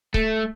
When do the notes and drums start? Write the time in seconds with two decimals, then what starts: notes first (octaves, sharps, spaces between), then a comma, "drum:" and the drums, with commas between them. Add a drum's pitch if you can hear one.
0.14 A3, drum: kick C#1